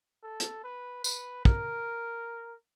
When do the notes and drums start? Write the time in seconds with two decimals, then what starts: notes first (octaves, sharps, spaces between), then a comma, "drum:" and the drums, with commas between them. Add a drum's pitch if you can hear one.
0.23 A4
0.40 drum: hi-hat
0.64 B4
1.04 B4, drum: tambourine
1.45 A#4, drum: kick